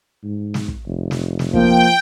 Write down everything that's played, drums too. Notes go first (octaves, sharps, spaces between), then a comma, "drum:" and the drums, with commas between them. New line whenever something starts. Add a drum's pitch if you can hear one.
G#2
drum: snare
drum: kick
F1
drum: snare
drum: snare
F3 A#3 G5, drum: kick